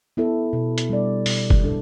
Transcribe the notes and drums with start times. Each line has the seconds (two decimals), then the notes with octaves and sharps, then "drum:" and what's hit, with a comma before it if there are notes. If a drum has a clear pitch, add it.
0.17 B3 E4 A4
0.53 B2
0.78 drum: hi-hat
0.89 G3 D4 A4 D5
1.26 B2, drum: open hi-hat
1.50 drum: kick
1.63 G3 D4 A4